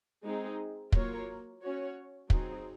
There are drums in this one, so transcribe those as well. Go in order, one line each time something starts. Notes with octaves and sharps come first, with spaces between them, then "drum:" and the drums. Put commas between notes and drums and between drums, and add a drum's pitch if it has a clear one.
G#3 C4 D#4 G#4
F#3 A#3 F4 A#4 C#5, drum: kick
C#4 F#4 C#5
F#3 C4 D#4 G#4, drum: kick